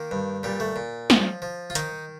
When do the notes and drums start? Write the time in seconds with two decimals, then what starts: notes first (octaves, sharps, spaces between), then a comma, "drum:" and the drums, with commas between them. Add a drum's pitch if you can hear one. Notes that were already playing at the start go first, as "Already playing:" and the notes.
Already playing: D#3 A#3
0.11 G2
0.43 A#2 G3
0.60 A3
0.76 A#2
1.10 F3, drum: snare
1.42 F3
1.70 F4
1.75 D#3 D#4, drum: hi-hat